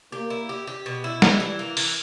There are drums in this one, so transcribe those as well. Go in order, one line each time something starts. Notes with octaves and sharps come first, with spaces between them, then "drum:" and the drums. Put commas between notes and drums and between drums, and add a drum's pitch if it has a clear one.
A#3 G4
E4
G4
G4
B2
E4
E3 G3, drum: snare
E3
A#3
E3, drum: open hi-hat